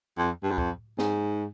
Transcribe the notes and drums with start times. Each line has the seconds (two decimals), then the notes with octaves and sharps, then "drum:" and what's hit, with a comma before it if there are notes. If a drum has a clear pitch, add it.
0.18 F2
0.43 G2
0.51 F#2
0.58 F2, drum: kick
0.99 G#2, drum: snare